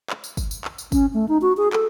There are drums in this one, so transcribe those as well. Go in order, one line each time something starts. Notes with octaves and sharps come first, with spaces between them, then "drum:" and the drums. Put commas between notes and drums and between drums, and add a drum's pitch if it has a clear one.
drum: clap
drum: tambourine
drum: kick, tambourine
drum: tambourine
drum: clap
drum: tambourine
C#4, drum: kick, tambourine
A3
D#4
F#4
G#4
A4, drum: clap